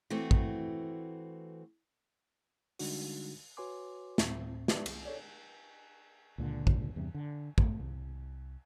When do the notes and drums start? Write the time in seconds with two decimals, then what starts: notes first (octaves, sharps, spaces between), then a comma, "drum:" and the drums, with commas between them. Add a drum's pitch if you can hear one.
0.10 E3 A3 C4 F#4
0.31 drum: kick
2.79 D3 G3 G#3 D4 D#4 F#4, drum: open hi-hat
3.57 F#4 B4 C#5 G#5 C6 D6
4.18 D2 A2 C4, drum: snare
4.68 D#4 G4 B4 D5 E5, drum: snare
4.86 C2, drum: cymbal
5.05 A4 C#5 D5
6.38 C#2 A#2 D3
6.67 drum: kick
6.96 E2 G2 C3
7.14 D3
7.58 A3, drum: kick
7.80 C2